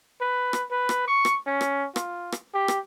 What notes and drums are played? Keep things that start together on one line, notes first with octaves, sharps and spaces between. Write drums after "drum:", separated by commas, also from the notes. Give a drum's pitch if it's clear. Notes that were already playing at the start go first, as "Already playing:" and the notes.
B4
drum: rim click
B4
drum: rim click
C#6
drum: rim click
C#4
drum: rim click
F4, drum: rim click
drum: rim click
G4
drum: rim click